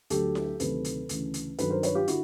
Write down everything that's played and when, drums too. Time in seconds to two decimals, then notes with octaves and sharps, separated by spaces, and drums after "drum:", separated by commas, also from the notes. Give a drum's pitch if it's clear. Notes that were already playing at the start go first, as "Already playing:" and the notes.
0.10 D2 D3 F#3 G4 A4, drum: hi-hat
0.35 drum: snare E4
0.60 D2 C3 D#3 F#3 A4 B4, drum: hi-hat
0.84 drum: hi-hat
1.09 D2 C#3 E3, drum: hi-hat
1.34 drum: hi-hat
1.58 G2 D#3 F#3 A4 B4, drum: hi-hat
1.70 A#4 C5
1.83 B4 C#5, drum: hi-hat
1.95 F4 G4
2.08 D3 E4 F#4, drum: hi-hat